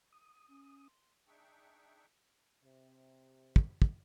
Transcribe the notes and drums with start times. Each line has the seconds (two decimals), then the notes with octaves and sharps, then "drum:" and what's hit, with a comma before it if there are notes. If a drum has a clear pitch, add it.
0.12 D#6
0.48 C#4
0.88 C6
1.27 D4 D#4 G#4 E5 G5 C#6
2.63 C3
3.56 drum: kick
3.82 drum: kick